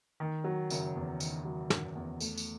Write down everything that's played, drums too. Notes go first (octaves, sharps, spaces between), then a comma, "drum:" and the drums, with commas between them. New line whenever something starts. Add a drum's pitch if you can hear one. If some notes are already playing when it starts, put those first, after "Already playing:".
D#3
F#3
F#1, drum: tambourine
E2
D#3, drum: tambourine
F#3
F#1, drum: snare
E2
A3, drum: tambourine
drum: tambourine